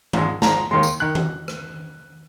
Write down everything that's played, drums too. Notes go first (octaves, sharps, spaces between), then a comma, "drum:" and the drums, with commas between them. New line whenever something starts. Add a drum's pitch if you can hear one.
G#1 G#2 F3 G#3, drum: tom D#3
G#1 G#2 F3 G#3 A#5, drum: snare
D#2 D#3 G#3 C6
drum: tambourine
D#3 F#6
drum: tom D#3
drum: rim click